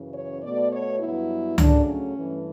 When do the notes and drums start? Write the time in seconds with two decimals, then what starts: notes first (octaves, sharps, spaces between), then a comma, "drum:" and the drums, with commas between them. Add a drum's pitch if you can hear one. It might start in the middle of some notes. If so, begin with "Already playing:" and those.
Already playing: F#2 C#3 E3
0.14 C#5
0.43 B2 A3 D5
0.73 C#5
1.00 G2 F#3 B3 E4
1.58 C#3 F#3 A3 D4, drum: tom C#2
1.87 C#4
2.16 G2 E3 A3